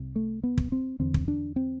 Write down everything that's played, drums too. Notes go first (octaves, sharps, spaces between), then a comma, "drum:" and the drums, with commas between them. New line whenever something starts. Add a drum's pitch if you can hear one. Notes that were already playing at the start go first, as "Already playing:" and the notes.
Already playing: C2 C3
A3
B3
drum: kick
C4
E2 D3 C4
drum: kick
D4
C4